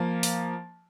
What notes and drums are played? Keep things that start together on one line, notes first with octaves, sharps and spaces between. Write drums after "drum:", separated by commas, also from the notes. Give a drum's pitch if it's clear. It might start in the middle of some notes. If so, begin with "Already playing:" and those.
Already playing: F3 A#3
drum: open hi-hat